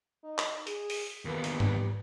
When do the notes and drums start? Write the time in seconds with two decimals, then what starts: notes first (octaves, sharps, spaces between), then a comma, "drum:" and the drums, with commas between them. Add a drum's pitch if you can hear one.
0.24 D#4
0.38 drum: clap
0.67 G#4, drum: hi-hat
0.90 drum: open hi-hat
1.25 D#2 A#3 B3
1.44 drum: hi-hat
1.60 G3, drum: tom G#2